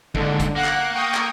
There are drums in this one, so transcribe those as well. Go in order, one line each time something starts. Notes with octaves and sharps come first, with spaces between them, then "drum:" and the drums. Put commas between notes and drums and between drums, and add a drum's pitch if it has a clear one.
D#2 G#2 D3, drum: kick
drum: kick, hi-hat
A#3 F#5 F#6
drum: clap
G5 C#6 D#6
drum: clap